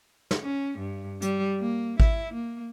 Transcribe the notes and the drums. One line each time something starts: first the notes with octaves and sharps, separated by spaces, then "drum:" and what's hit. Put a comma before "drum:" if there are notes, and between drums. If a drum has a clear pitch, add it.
drum: snare
C#4
G2
G3, drum: hi-hat
A#3
E4, drum: kick G#1
A#3